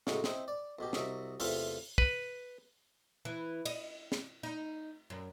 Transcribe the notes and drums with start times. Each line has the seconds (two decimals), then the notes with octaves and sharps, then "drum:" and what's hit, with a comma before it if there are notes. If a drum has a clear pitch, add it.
0.07 A2 C#3 F#3 G#3, drum: snare
0.24 C4 D#4 E4, drum: snare
0.48 D5
0.79 B1 B2 G4
0.93 C2 F#3 D#5 E5, drum: snare
1.40 E2 C3 A3 F4 E5, drum: open hi-hat
1.98 B4, drum: kick
3.25 E3
3.65 D#5, drum: cymbal
4.12 drum: snare
4.43 D#4
5.10 F#2